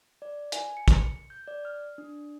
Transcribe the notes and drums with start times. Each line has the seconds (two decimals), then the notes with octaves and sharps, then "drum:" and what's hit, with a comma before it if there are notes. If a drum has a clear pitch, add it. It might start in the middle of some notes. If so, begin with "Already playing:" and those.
0.22 D5
0.52 G#5, drum: hi-hat
0.77 C#7
0.88 drum: kick, hi-hat
1.30 G6
1.48 D5
1.65 F6
1.98 D4